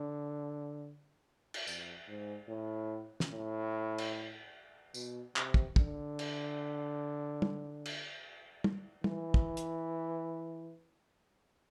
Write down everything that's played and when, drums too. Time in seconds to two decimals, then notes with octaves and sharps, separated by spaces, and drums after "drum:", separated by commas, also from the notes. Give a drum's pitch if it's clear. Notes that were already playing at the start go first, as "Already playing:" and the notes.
Already playing: D3
1.54 drum: cymbal
1.67 F2, drum: tambourine
2.09 G#2
2.49 A2
3.20 drum: snare
3.31 A2
3.98 drum: cymbal
4.94 B2, drum: tambourine
5.36 C3, drum: clap
5.54 drum: kick
5.76 D3, drum: kick
6.19 drum: cymbal
7.42 drum: tom
7.85 drum: cymbal
8.64 drum: tom
9.04 E3, drum: tom
9.34 drum: kick
9.57 drum: hi-hat